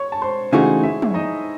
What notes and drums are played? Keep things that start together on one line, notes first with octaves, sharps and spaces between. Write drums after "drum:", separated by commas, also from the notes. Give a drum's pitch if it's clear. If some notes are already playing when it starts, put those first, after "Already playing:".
Already playing: C#5 C#6
A5
C5 C6
C#3 E3 A3 D#4 F#4 G#4 G#5
E4 E5
drum: tom
D#4 D#5